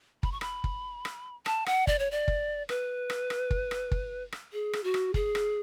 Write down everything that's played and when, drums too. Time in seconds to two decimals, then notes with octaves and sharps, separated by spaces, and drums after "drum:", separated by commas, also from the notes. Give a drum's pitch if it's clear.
0.23 B5, drum: kick
0.32 C#6
0.41 B5, drum: rim click
0.64 drum: kick
1.05 drum: rim click
1.46 A5, drum: rim click
1.66 F#5, drum: rim click
1.87 D5, drum: kick
1.99 C#5
2.11 D5
2.28 drum: kick
2.69 B4, drum: rim click
3.10 drum: rim click
3.30 drum: rim click
3.51 drum: kick
3.71 drum: rim click
3.91 drum: kick
4.32 drum: rim click
4.53 G#4
4.73 drum: rim click
4.84 F#4
4.94 drum: rim click
5.14 G#4, drum: kick
5.35 drum: rim click